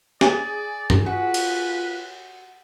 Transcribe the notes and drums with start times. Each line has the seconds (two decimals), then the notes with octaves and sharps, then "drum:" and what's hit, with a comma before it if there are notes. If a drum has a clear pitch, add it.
0.21 G#4 D5 G#5, drum: snare
0.90 drum: tom G2
1.06 F4 F#4 B4
1.34 drum: cymbal